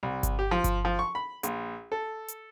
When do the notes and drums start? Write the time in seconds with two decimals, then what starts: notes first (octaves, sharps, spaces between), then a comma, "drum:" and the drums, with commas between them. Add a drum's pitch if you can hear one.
0.03 C2
0.23 drum: kick G1, hi-hat
0.39 G4
0.51 F3
0.64 drum: kick G1, hi-hat
0.85 F3
0.99 C#6
1.15 B5
1.43 A#1, drum: hi-hat
1.92 A4
2.28 drum: hi-hat